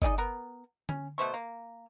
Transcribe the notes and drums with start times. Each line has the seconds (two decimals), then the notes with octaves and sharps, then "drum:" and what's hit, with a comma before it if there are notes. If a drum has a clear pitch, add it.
0.02 D#4 G#4 D5 D#5, drum: kick G1
0.18 B3 A#4
0.89 C#4, drum: tom D3
1.18 B2 A3 C5 C#6
1.34 A#3